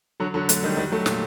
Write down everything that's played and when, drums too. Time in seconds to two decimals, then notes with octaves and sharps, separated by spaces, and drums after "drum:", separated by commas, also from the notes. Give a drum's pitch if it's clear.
0.20 D3 F#3
0.34 D3 F#3
0.49 F#3 A3, drum: hi-hat
0.63 D#3 G3
0.77 D#3 G3
0.92 F#3 A3
1.06 A#2, drum: snare